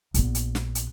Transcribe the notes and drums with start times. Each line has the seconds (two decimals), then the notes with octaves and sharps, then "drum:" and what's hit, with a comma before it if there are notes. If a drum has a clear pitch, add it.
0.14 A#1 B3, drum: hi-hat
0.35 drum: hi-hat
0.55 drum: snare
0.75 drum: hi-hat